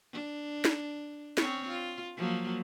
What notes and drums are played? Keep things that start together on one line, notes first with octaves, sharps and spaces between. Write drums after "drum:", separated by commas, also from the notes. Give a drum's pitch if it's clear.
D4
drum: snare
C4 C#4 C#5, drum: snare
F4
F3 F#3 A#3